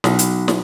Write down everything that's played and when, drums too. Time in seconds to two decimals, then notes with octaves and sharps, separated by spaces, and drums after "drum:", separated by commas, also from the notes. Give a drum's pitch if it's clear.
0.04 B1, drum: snare
0.19 drum: hi-hat
0.48 drum: snare